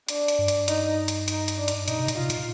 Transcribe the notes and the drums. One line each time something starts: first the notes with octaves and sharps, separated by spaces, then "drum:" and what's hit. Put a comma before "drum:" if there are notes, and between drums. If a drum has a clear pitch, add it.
D4, drum: hi-hat
drum: hi-hat
G2
drum: hi-hat
D#4, drum: hi-hat
drum: hi-hat
D#4, drum: hi-hat
drum: hi-hat
D4
drum: hi-hat
A#2 D#4, drum: hi-hat
C3
A#2, drum: hi-hat
C3 F4
A#2, drum: hi-hat